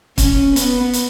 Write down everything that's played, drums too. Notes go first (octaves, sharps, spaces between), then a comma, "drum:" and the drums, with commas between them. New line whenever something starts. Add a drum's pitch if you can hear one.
C#4, drum: kick, hi-hat
B3, drum: hi-hat
drum: hi-hat